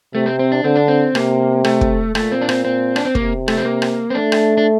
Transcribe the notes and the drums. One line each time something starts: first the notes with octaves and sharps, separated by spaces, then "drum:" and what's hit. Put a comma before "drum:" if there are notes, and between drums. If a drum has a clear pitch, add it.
C3 A3
C4
C4
D4
D3 C4
D4
C4
C3 A#3, drum: rim click
A3, drum: rim click
drum: kick
A#2 A3, drum: rim click
C4
D4
C4, drum: rim click
C4
D4, drum: rim click
C4
C3 A#3, drum: kick
A3, drum: rim click
C4
A#3
drum: rim click
C4
A3 D4
drum: rim click
D4